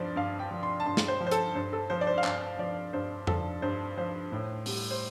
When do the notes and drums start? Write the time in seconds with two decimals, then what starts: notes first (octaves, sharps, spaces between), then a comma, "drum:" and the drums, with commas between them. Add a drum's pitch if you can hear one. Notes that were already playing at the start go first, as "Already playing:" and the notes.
Already playing: G2 F3 C5 D5
0.16 G2 F5
0.39 G5
0.51 F3
0.63 C6
0.80 A5
0.86 G2 C6
0.97 drum: snare
1.08 C5
1.20 F3
1.27 C5
1.31 A4, drum: hi-hat
1.55 G2 C5
1.73 A4
1.90 F3 C5
2.01 D5
2.07 C5
2.18 F5
2.24 G2 D5, drum: clap
2.59 F3 D5
2.93 G2 C5
3.27 F3 A4, drum: tom F2
3.62 G2 C5
3.97 F3 C5
4.32 A2
4.66 G3, drum: open hi-hat
4.91 C5